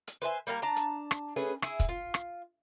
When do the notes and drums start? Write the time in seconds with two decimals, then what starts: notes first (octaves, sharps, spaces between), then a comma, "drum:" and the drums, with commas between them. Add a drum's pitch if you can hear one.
0.08 drum: hi-hat
0.22 B4 C5 E5 G#5
0.47 G3 A#3 B4 A#5
0.62 D4 A5 A#5
0.76 drum: hi-hat
1.11 drum: rim click
1.36 A3 C#4 G#4 B4
1.62 E4 G#4 E5, drum: rim click
1.80 drum: kick, hi-hat
1.89 F4
2.14 drum: rim click